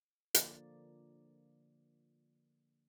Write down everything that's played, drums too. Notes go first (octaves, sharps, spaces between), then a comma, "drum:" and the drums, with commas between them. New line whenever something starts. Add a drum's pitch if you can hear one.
D3 F3 A#3 D5, drum: hi-hat